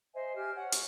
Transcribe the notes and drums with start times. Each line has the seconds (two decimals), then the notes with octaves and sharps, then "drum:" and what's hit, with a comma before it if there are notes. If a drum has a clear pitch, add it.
0.14 C5 D#5 E5 G#5
0.36 G4 G#5 F6
0.55 C#5 F#5
0.72 C#6, drum: hi-hat